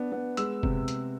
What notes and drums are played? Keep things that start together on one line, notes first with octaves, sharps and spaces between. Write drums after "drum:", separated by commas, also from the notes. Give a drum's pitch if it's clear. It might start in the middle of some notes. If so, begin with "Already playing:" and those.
Already playing: B3 D4
B3
G#3 E6, drum: hi-hat
C3, drum: kick F1
drum: hi-hat